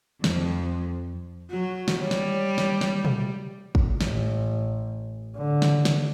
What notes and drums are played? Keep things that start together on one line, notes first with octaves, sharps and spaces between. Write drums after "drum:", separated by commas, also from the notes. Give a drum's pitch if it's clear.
F2, drum: snare
F#3 F#4
drum: snare
G3 C#5
drum: snare
drum: snare
drum: snare
drum: tom
drum: kick
A1, drum: snare
D3
drum: snare
drum: snare